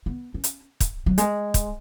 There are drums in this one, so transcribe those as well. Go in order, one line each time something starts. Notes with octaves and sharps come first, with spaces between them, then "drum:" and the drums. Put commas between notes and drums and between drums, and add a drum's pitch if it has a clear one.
B3
C#4
drum: hi-hat
drum: kick, hi-hat
F#3
G#3, drum: hi-hat
drum: kick, hi-hat